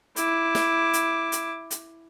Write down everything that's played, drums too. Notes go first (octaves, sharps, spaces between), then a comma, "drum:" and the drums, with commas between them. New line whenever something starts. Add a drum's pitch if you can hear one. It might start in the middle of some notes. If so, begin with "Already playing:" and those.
E4 D6, drum: hi-hat
drum: snare
drum: hi-hat
drum: hi-hat
drum: hi-hat